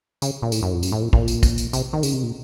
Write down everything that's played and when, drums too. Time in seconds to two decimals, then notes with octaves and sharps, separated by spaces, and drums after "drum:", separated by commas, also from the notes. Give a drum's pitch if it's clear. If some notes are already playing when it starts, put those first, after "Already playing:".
0.22 C#3, drum: tambourine
0.42 A#2
0.52 A2, drum: tambourine
0.63 F#2
0.73 F2
0.83 F#2, drum: tambourine
0.92 A2
1.02 A#2
1.13 A#2, drum: kick
1.28 drum: tambourine
1.43 drum: kick, tambourine
1.58 drum: tambourine
1.73 C3, drum: tambourine
1.93 D#3
2.03 C#3, drum: tambourine
2.14 C3
2.23 A#2